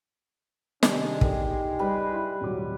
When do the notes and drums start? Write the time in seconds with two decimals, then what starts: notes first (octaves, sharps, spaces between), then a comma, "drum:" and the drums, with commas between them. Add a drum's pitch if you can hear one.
0.83 C3 D#3 G3 G#3 D4, drum: snare
1.21 D#4 G4 A4 A#4 D5, drum: kick
1.79 G3 B4
2.12 E4 C6
2.41 D#1 G#2 C3 F#3 F#4 D6